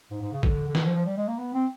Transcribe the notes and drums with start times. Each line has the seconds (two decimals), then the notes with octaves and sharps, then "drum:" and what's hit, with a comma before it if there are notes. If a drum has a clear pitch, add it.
0.11 G#2
0.21 G#2
0.33 C#3
0.43 D3, drum: kick
0.68 D3
0.75 D#3, drum: snare
0.85 F3
0.96 F3
1.06 G3
1.17 G#3
1.28 A#3
1.38 B3
1.54 C4